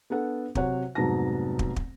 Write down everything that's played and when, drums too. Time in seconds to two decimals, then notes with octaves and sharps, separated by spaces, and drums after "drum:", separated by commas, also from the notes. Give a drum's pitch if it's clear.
0.10 B3 D4 A4 F#5
0.55 C3 F#3 C#5 F#5, drum: kick
0.95 F1 G#2 F#3 B3 A5 A#6
1.59 drum: kick
1.76 drum: kick